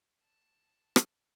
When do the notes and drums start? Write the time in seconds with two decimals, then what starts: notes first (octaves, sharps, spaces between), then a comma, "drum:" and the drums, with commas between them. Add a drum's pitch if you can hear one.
0.23 A5
0.96 drum: rim click